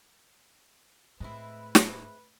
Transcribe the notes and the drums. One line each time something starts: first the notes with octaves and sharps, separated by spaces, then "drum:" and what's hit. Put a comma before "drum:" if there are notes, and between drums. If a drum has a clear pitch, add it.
A2 G#3 C4 E4 B4
drum: snare